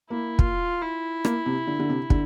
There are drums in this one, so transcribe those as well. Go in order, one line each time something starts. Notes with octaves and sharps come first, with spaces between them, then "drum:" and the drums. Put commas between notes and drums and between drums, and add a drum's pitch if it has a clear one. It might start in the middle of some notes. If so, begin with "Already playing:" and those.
A#3 E4
F4, drum: kick
E4
A#3, drum: rim click
C3
D3
D3
C3
D3, drum: kick